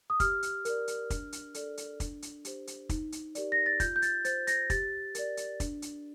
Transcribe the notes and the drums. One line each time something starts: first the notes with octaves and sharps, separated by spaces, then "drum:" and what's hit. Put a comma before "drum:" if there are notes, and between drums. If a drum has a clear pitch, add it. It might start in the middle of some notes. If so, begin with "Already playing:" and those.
D#6
G4 F6, drum: kick, hi-hat
drum: hi-hat
A#4 D5, drum: hi-hat
drum: hi-hat
D4, drum: kick, hi-hat
drum: hi-hat
A4 D5, drum: hi-hat
drum: hi-hat
D4, drum: kick, hi-hat
drum: hi-hat
G4 C5, drum: hi-hat
drum: hi-hat
D#4, drum: kick, hi-hat
drum: hi-hat
G4 A#4 D5, drum: hi-hat
A#6
A6
F4 G6, drum: kick, hi-hat
G6
A6, drum: hi-hat
C5 A6, drum: hi-hat
A#6, drum: hi-hat
G4 A6, drum: kick, hi-hat
A#4 D5, drum: hi-hat
drum: hi-hat
D4, drum: kick, hi-hat
drum: hi-hat